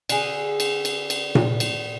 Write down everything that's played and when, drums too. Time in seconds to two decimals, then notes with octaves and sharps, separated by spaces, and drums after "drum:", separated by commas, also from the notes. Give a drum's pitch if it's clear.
0.09 D3 G#4, drum: cymbal
0.60 drum: cymbal
0.85 drum: cymbal
1.10 drum: cymbal
1.35 drum: tom A#2
1.60 drum: cymbal